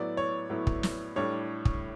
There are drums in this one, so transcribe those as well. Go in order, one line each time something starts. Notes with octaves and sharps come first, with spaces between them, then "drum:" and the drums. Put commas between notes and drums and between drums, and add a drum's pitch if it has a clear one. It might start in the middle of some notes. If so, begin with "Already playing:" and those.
Already playing: A2 F#3 B3 E4 D5
C#5
A2 F#3 B3 E4
drum: kick
drum: snare
A2 G3 D4 C#5
drum: kick